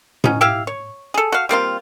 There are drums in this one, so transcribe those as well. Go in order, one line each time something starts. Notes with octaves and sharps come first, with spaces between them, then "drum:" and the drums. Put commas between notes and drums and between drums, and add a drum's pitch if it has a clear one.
C#4 D#4, drum: tom A2
E4 G4 E5 F5
C#5
G#4 A4
F#4 F5
G3 A#3 C4 F4